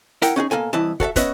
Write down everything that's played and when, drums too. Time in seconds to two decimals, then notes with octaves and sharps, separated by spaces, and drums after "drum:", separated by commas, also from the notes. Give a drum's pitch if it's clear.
0.22 E4 A#4 F#5 G5, drum: hi-hat
0.36 C#4 D#4 F#4 G#4
0.51 B2 A#3 A4 G#5
0.73 C2 E3 E4 D#5 A5
1.00 F#4 A4 D5 E5, drum: kick
1.16 B3 C#4 B4 C#5 D#5 E5, drum: kick, hi-hat